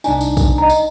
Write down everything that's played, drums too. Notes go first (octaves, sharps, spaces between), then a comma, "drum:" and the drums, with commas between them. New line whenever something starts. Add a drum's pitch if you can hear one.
C2 D4 D#4 G#5, drum: tambourine
drum: tambourine
drum: kick A#1, tambourine
D#5 A#5
drum: tambourine